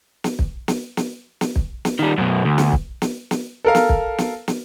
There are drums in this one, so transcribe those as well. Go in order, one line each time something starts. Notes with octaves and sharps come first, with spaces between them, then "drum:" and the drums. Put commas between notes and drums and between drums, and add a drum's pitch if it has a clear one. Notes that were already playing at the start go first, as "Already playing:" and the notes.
drum: snare
drum: kick
drum: snare
drum: snare
drum: snare
drum: kick
drum: snare
D#3 G3
F#2 B2
D2
drum: snare
drum: kick
drum: snare
drum: snare
A4 A#4 F5
drum: snare
drum: kick
drum: snare
drum: snare